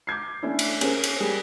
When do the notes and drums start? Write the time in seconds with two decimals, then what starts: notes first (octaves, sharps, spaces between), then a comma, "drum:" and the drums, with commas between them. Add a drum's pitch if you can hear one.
0.07 D6 G6 G#6 C7
0.43 A3 C#4 D4 E4
0.59 drum: cymbal
0.81 C#4 G#4 A#4 C5, drum: cymbal
1.04 drum: cymbal
1.20 G3 G#4